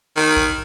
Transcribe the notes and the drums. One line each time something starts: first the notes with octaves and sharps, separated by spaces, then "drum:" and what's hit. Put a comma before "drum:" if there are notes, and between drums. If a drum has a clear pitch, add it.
D#3
drum: kick